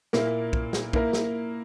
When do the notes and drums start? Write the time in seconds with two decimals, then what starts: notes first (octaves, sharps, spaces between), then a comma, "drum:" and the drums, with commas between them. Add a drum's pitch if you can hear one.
0.13 A#2 A#3 E4 A#4, drum: snare
0.53 drum: kick
0.73 drum: snare
0.93 A#3 E4 A#4, drum: kick
1.13 drum: snare